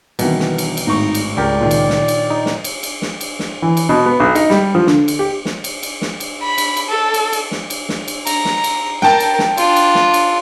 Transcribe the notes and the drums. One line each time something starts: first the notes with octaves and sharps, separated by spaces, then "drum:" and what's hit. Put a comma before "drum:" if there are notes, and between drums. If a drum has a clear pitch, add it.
C2 B2 D#3 E3, drum: cymbal
drum: snare
drum: cymbal
drum: cymbal
G#1 A2 D#4 C#6
drum: cymbal
C#2 G4 A#4 D5
A#2 D#3
drum: cymbal
drum: snare
drum: cymbal
D#4
drum: snare
drum: cymbal
drum: cymbal
drum: snare
drum: cymbal
drum: snare
E3
drum: cymbal
B2
B3
B1
D#4, drum: cymbal
G3, drum: snare
F3
D3, drum: snare
drum: cymbal
G4
drum: snare
drum: cymbal
drum: cymbal
drum: snare
drum: cymbal
B5
drum: cymbal
drum: cymbal
A4
drum: cymbal
drum: cymbal
drum: snare
drum: cymbal
drum: snare
drum: cymbal
A#5, drum: cymbal
drum: snare
drum: cymbal
A#4 G5 A5, drum: snare
drum: cymbal
drum: snare
D4 F4, drum: cymbal
drum: cymbal
drum: snare
drum: cymbal